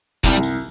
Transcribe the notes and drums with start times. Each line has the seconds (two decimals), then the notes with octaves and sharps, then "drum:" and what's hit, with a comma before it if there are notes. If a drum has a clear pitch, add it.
0.24 C2 G3, drum: kick
0.43 drum: tambourine